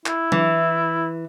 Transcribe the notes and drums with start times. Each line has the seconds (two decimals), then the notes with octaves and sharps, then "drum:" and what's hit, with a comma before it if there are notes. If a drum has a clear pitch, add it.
0.06 E4, drum: clap
0.32 E3, drum: tom F#3